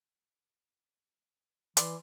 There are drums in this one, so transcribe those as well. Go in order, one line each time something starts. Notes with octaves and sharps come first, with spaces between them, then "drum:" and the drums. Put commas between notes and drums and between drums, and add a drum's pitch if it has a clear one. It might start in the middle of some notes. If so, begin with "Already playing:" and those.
E3 D5 B5 C6, drum: hi-hat